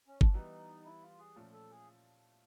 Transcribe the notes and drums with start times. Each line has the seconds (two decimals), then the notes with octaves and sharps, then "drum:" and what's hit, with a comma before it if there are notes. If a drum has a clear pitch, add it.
0.07 C#4
0.21 D4, drum: kick
0.34 E3 G3 B3 D#4
0.85 E4
1.02 F4
1.19 G#4
1.36 A#2 F3 A3 C#4
1.53 A4
1.70 G#4